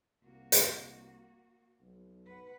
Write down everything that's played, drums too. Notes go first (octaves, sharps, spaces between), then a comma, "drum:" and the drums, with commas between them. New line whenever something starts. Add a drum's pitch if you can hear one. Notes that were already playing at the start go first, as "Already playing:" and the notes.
C2 A#3 F#4
drum: hi-hat
B1
B4 F#5